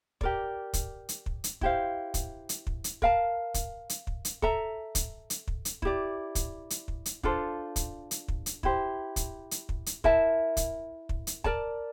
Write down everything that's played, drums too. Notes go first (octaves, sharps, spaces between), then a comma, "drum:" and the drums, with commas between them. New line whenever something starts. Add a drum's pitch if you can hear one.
G4 A#4 D5, drum: kick
drum: kick, hi-hat
drum: hi-hat
drum: kick
drum: hi-hat
E4 G4 C5 F5, drum: kick
drum: kick, hi-hat
drum: hi-hat
drum: kick
drum: hi-hat
A#4 F5 A5, drum: kick
drum: kick, hi-hat
drum: hi-hat
drum: kick
drum: hi-hat
A4 E5 A#5, drum: kick
drum: kick, hi-hat
drum: hi-hat
drum: kick
drum: hi-hat
E4 G4 D5, drum: kick
drum: kick, hi-hat
drum: hi-hat
drum: kick
drum: hi-hat
D4 F4 A4 C5, drum: kick
drum: kick, hi-hat
drum: hi-hat
drum: kick
drum: hi-hat
E4 G4 C5, drum: kick
drum: kick, hi-hat
drum: hi-hat
drum: kick
drum: hi-hat
E4 A#4 E5 A5, drum: kick
drum: kick, hi-hat
drum: kick
drum: hi-hat
A#4 D5 A5, drum: kick